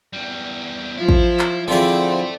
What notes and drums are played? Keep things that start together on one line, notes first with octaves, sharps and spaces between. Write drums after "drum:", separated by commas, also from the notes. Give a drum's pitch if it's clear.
E2 G3
F3 E4 C5
drum: kick
drum: clap
D3 F3 C4 E4 G#4 A4 D5 E5, drum: tom D#3